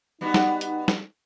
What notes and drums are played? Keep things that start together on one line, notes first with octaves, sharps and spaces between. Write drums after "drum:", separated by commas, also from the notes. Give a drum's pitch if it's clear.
G3 B3 D#4 F#4
drum: snare
drum: hi-hat
drum: snare